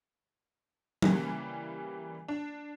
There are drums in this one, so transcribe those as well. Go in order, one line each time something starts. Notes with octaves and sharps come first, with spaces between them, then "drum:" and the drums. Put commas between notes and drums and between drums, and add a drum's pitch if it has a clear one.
C#3 E3 G3 A#3, drum: tom F#3
D4